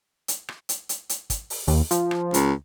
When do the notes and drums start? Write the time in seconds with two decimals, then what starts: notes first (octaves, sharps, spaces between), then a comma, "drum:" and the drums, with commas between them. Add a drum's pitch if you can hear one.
0.28 drum: hi-hat
0.49 drum: rim click
0.69 drum: hi-hat
0.89 drum: hi-hat
1.09 drum: hi-hat
1.30 drum: kick, hi-hat
1.50 drum: open hi-hat
1.67 D#2, drum: open hi-hat
1.91 F3, drum: hi-hat
2.11 drum: rim click
2.34 C#2, drum: hi-hat